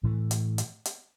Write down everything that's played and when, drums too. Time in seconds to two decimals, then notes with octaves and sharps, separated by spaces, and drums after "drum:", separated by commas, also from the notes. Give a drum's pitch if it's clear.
0.03 A2 E3 A3
0.31 drum: hi-hat
0.58 drum: hi-hat
0.85 drum: hi-hat